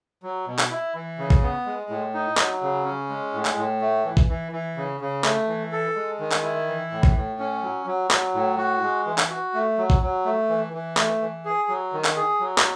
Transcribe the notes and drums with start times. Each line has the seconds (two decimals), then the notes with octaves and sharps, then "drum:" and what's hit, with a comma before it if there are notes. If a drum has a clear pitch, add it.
0.23 F#3
0.47 B2
0.59 drum: clap
0.71 E4
0.95 E3
1.18 C#3
1.30 drum: kick
1.42 B3
1.66 G#3
1.90 A2
2.14 D#4
2.37 F#3, drum: clap
2.62 C#3
2.85 C#4
3.09 G#3
3.34 A2
3.45 drum: clap
3.57 A2
3.81 A3
4.05 E3
4.17 drum: kick
4.29 E3
4.52 E3
4.77 C#3
5.01 C#3
5.24 A3, drum: clap
5.48 E3
5.72 A4
5.96 G#3
6.19 D#3
6.32 drum: clap
6.43 E4
6.68 E3
6.91 A2
7.03 drum: kick
7.16 A2
7.39 C#4
7.63 F#3
7.86 F#3
8.11 F#3, drum: clap
8.35 A2
8.58 F#4
8.83 G#3
9.06 E3
9.18 drum: clap
9.30 F#4
9.54 A3
9.78 F#3
9.90 drum: kick
10.02 F#3
10.25 A3
10.49 E3
10.73 E3
10.97 A3, drum: clap
11.21 E3
11.45 G#4
11.69 F#3
11.93 D#3
12.05 drum: clap
12.16 G#4
12.40 F#3
12.58 drum: clap